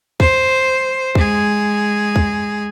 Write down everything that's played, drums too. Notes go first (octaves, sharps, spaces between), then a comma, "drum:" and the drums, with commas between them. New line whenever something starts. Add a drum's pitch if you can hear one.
C5, drum: kick
G#3 G#4, drum: kick
drum: kick